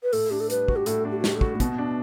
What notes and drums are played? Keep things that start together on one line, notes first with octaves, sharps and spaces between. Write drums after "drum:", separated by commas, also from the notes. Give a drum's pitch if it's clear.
B4
A2 A4, drum: open hi-hat
D4 G4
A4
G3 B4, drum: hi-hat
F#4, drum: kick
G4
A2 A4, drum: hi-hat
D4
G4
F#4
G3 G4, drum: snare
A4
F#4, drum: kick
A3
B2 B3, drum: kick, hi-hat
D4